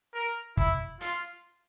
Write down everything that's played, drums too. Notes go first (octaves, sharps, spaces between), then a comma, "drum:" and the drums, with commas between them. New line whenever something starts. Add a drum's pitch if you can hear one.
A#4
E4, drum: kick
F4, drum: hi-hat